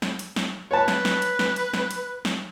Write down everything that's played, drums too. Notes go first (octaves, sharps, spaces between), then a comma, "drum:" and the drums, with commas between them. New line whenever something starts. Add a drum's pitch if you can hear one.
drum: snare
drum: hi-hat
drum: snare
B4 C#5 A5
drum: snare
drum: snare
drum: hi-hat
drum: snare
drum: hi-hat
drum: snare
drum: hi-hat
drum: snare